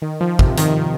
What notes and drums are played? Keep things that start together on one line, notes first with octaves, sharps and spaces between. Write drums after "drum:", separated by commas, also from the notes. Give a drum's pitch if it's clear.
D#3
F3
C3, drum: kick
D#3, drum: hi-hat